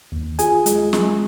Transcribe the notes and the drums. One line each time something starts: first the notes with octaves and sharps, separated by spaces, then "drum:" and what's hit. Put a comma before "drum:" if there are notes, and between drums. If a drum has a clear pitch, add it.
D#2
F4 G#4 G#5, drum: hi-hat
G#3, drum: hi-hat
G#3, drum: snare